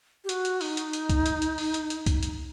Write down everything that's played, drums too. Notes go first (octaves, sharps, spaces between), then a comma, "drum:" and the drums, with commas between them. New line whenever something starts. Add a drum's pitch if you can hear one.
G4
F#4, drum: hi-hat
drum: hi-hat
D#4, drum: open hi-hat
drum: hi-hat
drum: hi-hat
drum: kick C2, hi-hat
drum: hi-hat
drum: hi-hat
drum: open hi-hat
drum: hi-hat
drum: hi-hat
drum: kick C2, hi-hat
drum: hi-hat